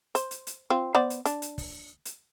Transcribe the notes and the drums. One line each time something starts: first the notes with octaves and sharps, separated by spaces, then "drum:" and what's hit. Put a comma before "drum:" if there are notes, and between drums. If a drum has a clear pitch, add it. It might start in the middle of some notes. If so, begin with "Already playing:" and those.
C5, drum: hi-hat
drum: hi-hat
drum: hi-hat
C4 F4
B3 C5 D5
drum: hi-hat
D4, drum: hi-hat
drum: hi-hat
drum: kick, open hi-hat
drum: hi-hat